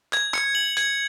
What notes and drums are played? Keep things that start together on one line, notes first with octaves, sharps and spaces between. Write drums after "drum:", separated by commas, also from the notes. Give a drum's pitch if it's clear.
G#6, drum: clap
C#7, drum: clap
F#7
G#6, drum: hi-hat